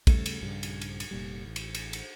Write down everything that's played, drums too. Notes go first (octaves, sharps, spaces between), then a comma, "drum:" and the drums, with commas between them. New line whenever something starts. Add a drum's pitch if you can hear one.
C#3 G3 A3 C#4, drum: kick, cymbal
drum: cymbal
A#1 G2 C#3
drum: cymbal
drum: cymbal
drum: cymbal
F1 A#2 G3
A1
drum: cymbal
drum: cymbal
drum: cymbal